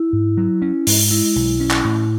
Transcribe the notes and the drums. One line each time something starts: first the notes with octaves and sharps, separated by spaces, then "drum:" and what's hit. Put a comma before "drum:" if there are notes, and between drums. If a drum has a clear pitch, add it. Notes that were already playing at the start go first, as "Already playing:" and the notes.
Already playing: E4
G#2
F#3
C#4
G#2, drum: open hi-hat
G#3 E4
B1
C#4
drum: clap
A2